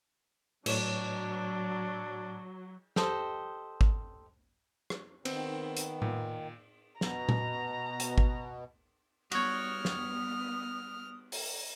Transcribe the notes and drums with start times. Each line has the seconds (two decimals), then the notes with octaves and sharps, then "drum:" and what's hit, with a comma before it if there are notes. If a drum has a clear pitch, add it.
0.66 A2 F#3 D4 C#5, drum: cymbal
2.96 G4 A4 C5 D#5, drum: snare
3.81 drum: kick G#1
4.90 drum: rim click
5.25 D#3 B3 C4, drum: cymbal
5.77 drum: hi-hat
6.02 A#2, drum: tom A2
7.01 B2 A#5, drum: snare
7.29 drum: tom A#2
8.00 drum: hi-hat
8.18 drum: kick G#1
9.32 G3 B3 F#4 C#5 D#6 F6, drum: cymbal
9.85 drum: snare
11.32 drum: open hi-hat